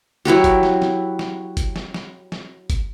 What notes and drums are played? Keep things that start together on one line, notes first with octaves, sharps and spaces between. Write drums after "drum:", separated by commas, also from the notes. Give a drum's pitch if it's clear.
F#3 E4 F#4 G4
drum: kick G1, hi-hat
drum: snare
drum: snare
drum: snare
drum: kick G1, hi-hat
drum: snare
drum: snare
drum: snare
drum: kick G1, hi-hat